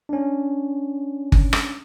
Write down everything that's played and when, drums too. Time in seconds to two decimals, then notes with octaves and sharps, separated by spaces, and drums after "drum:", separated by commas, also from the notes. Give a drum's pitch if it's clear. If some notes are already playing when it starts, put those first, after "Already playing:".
0.09 C#4 D4
1.32 drum: kick G1
1.53 drum: rim click